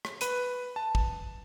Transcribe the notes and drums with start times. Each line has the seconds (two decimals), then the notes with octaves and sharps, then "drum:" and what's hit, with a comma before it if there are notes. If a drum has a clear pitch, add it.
0.05 drum: rim click
0.21 B4 D#7, drum: hi-hat
0.76 A5
0.95 drum: kick